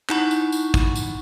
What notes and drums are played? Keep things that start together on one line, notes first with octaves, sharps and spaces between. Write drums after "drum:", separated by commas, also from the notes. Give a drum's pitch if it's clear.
D#4 E4 F#5 B5 C#6, drum: clap
drum: tambourine
drum: tambourine
drum: kick, tambourine
drum: tambourine